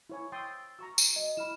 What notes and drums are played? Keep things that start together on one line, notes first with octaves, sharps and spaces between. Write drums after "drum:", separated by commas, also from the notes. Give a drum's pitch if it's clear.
E4 C#5 G#5
G5 C6 D#6 E6 A6
F#4 A#5 C#6 E6
drum: tambourine
D#5
E4 B5 F6 E7